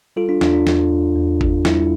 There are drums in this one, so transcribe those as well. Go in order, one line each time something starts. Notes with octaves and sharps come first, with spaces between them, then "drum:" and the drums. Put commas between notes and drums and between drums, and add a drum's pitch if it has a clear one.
G3 F4 A4
D4 F4
E2 D4 F4, drum: snare
D4
E2, drum: snare
E2
E2
E2, drum: kick G1
G3 E4, drum: snare